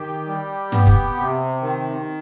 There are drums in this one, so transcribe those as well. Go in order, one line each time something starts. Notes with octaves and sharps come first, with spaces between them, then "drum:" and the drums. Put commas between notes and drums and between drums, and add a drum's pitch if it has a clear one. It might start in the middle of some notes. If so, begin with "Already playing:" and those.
Already playing: D#3 G4
G3
B3, drum: tom G2
drum: kick
C3
D#3